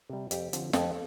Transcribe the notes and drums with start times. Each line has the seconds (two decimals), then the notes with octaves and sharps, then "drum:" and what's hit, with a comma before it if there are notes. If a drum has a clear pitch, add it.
0.10 C3 G3
0.31 F2 G4, drum: hi-hat
0.53 D3 F3 C4, drum: hi-hat
0.73 F2 A4, drum: snare